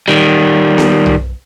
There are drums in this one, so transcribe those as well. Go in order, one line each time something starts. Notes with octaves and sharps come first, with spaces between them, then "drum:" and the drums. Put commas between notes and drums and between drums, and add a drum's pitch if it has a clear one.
D#3 G3
drum: snare B3
drum: tom B1